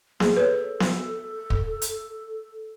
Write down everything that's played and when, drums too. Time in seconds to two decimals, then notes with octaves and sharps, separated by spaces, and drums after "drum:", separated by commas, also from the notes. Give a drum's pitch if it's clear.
0.20 A#3 G#4, drum: snare B3
0.37 A4 B4 C#5
0.80 drum: snare B3
1.50 drum: kick
1.82 drum: hi-hat